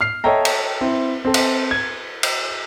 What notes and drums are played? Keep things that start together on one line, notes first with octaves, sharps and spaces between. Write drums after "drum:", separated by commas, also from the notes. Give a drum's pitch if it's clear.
F6 C7
A4 C#5 D#5 E5 G5 A#5
drum: cymbal
C4 E4
C4 A4
drum: cymbal
G#6
drum: cymbal